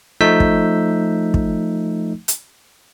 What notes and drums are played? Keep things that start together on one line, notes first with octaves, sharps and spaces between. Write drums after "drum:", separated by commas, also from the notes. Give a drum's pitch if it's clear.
F3 A3 D#4 E6 G6 B6
drum: kick
drum: kick
drum: hi-hat